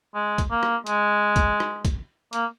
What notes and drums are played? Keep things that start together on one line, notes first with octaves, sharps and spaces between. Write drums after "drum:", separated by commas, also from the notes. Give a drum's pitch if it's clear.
G#3
drum: kick, hi-hat
A#3
drum: rim click
G#3, drum: hi-hat
drum: kick, hi-hat
drum: rim click
drum: kick, hi-hat
A#3, drum: hi-hat